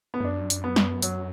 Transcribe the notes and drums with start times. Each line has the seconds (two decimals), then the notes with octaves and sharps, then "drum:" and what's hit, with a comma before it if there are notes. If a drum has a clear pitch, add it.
0.14 B3
0.20 A2
0.23 F#2 D4
0.50 drum: hi-hat
0.64 B3
0.76 drum: snare
1.02 F#3, drum: hi-hat